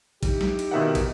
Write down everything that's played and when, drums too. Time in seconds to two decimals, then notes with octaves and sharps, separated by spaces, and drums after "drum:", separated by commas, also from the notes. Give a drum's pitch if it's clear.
0.23 D#4 E4 G4, drum: kick, cymbal
0.41 drum: snare
0.59 drum: cymbal
0.71 B2 D#3 E5 F#5
0.95 drum: kick, cymbal